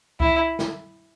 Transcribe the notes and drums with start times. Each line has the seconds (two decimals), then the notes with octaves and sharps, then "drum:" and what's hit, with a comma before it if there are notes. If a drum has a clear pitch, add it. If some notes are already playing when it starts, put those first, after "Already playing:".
0.20 E4, drum: kick C#2
0.59 drum: snare